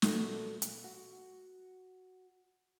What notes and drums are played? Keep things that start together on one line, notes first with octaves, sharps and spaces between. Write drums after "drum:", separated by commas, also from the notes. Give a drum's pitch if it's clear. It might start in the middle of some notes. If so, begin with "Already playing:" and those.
A#2 E3 F#4 A4, drum: snare
drum: hi-hat
F#4